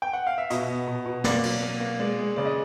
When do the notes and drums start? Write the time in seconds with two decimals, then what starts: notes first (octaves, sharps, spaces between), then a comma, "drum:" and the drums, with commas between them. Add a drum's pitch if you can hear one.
0.02 G5
0.13 F#5
0.27 F5
0.38 E5
0.50 B2 D#5, drum: hi-hat
0.69 B3
0.88 B2
1.06 B2
1.24 A#3 D5, drum: snare
1.43 F#3, drum: cymbal
1.63 A#3
1.80 A#3
1.99 G#3 D5
2.19 G#3
2.36 C#3 D5
2.46 D#5